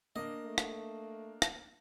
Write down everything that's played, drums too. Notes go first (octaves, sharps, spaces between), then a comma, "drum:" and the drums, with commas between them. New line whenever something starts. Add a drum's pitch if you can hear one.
A#3 D4 D#5
A3
drum: rim click
drum: rim click